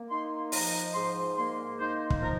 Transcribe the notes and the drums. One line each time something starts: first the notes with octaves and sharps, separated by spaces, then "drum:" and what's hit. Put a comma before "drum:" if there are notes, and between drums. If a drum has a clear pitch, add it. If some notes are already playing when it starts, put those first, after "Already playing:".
Already playing: A#3
D#4 C6
F3 A#5, drum: open hi-hat
G#2 C6
A#3 C6
D#4 C5
drum: kick
F3 A#4